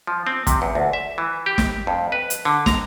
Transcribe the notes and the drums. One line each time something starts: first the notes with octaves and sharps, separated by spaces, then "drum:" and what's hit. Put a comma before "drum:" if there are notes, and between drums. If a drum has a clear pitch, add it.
F3
C4
C3, drum: kick G1, hi-hat
E2
D2
E5
E3
G4
drum: snare
F2
B4
drum: hi-hat
D3
A#5, drum: snare